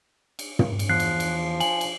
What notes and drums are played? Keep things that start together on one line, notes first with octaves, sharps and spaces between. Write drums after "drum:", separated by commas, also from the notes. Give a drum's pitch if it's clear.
drum: cymbal
drum: tom
drum: cymbal
E2 F3 F#6 C7
drum: cymbal
drum: cymbal
G#5 F#7, drum: cymbal
drum: cymbal